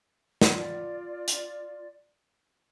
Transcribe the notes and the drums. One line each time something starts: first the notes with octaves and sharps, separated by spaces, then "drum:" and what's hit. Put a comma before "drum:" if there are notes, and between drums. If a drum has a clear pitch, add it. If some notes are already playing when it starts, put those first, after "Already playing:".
drum: snare
F4 D5
drum: hi-hat